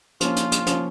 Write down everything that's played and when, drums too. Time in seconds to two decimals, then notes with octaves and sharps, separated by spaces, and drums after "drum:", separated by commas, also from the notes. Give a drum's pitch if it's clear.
0.21 F3 A#3 C#4 F4, drum: hi-hat
0.36 drum: hi-hat
0.52 drum: hi-hat
0.67 F3 A#3 C#4, drum: hi-hat